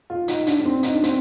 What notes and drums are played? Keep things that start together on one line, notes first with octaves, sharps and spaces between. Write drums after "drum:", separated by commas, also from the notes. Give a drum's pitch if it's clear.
F4
D#4, drum: hi-hat
D4, drum: hi-hat
D4
C4
D#4, drum: hi-hat
D4
C4, drum: hi-hat